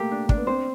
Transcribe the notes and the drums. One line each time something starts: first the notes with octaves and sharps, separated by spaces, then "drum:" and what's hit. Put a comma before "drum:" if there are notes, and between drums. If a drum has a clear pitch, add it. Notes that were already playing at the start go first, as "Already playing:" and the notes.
Already playing: A3 A#3 G4
D4
D4, drum: kick
B3
C4 C5